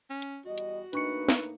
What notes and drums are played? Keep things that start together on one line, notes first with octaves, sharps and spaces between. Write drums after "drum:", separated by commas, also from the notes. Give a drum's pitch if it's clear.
C#4
drum: hi-hat
E2 G3 F#4 D#5
drum: hi-hat
A2 A#3 D4 D#4 B4 C#6 C#7, drum: hi-hat
drum: snare